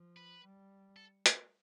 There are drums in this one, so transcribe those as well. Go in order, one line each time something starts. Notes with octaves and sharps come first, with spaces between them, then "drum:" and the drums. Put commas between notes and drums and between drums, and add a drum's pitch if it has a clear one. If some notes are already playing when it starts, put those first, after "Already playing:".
Already playing: F3
B4
G3
A4
drum: hi-hat